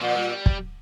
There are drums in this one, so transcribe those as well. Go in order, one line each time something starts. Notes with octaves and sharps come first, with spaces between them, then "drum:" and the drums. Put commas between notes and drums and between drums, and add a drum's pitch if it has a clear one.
A#2 F3
G3
drum: kick